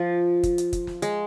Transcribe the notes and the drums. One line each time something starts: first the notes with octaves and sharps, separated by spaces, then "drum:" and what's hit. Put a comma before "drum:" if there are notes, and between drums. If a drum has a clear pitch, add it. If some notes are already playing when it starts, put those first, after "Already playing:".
Already playing: F3
drum: kick, hi-hat
drum: hi-hat
drum: kick, hi-hat
drum: snare
G#3, drum: hi-hat